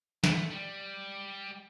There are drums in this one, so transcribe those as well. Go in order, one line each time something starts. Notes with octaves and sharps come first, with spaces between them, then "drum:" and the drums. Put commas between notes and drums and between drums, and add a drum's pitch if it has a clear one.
A3, drum: snare
G3